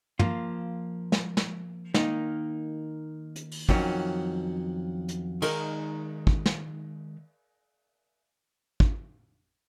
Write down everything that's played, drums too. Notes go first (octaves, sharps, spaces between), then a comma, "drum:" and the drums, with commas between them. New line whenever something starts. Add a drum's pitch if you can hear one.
F3 A#3 F4, drum: tom
drum: snare
drum: snare
D#3 A#3 D#4, drum: snare
drum: hi-hat
drum: open hi-hat
F2 D#3 F#3 C#4, drum: kick
drum: hi-hat
D#3 G#3 D#4 A#4, drum: cymbal
drum: kick
drum: snare
drum: kick